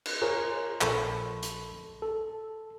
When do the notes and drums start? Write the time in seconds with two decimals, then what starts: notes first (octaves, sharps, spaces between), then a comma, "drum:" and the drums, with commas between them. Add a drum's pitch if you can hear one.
0.06 drum: cymbal
0.21 F4 G#4 A#4 C5 C#5
0.81 A#1 A4 B5 C#6, drum: clap
1.43 drum: hi-hat
2.02 A4